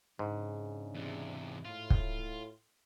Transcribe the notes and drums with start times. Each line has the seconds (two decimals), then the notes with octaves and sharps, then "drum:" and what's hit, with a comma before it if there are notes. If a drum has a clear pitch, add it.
0.19 G#2 C#3 D4
0.94 E2 C3
1.65 A2 F4
1.90 drum: kick